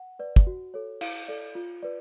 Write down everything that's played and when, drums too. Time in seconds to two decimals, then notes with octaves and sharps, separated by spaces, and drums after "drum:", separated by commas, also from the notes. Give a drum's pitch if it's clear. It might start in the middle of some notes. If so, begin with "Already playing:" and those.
Already playing: F#5
0.19 B4 D5
0.36 drum: kick
0.47 F#4
0.74 A4 C#5
1.01 E4 F5, drum: cymbal
1.28 A4 D5
1.55 F4
1.83 B4 D5